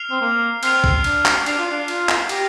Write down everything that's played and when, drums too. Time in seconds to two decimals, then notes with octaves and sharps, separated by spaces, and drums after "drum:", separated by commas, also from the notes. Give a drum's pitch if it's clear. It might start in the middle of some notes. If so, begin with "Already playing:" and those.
Already playing: F6 C7 F7
0.11 C4
0.21 A#3
0.63 C4 F6 C7 F7, drum: cymbal
0.84 drum: kick B1
1.04 D4, drum: cymbal
1.25 drum: clap
1.46 D4 F6 C7 F7, drum: cymbal
1.59 F4
1.71 D4
1.88 F4, drum: cymbal
2.09 drum: clap
2.29 G4 D6 A#6 F7, drum: cymbal